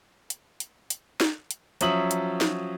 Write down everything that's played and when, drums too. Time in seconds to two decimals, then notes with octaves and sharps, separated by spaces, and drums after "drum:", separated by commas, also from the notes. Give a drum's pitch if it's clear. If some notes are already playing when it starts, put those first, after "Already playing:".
0.30 drum: hi-hat
0.60 drum: hi-hat
0.90 drum: hi-hat
1.20 drum: snare
1.51 drum: hi-hat
1.81 F3 F#3 C#4 E5 D#6 F#7, drum: hi-hat
2.11 drum: hi-hat
2.41 drum: snare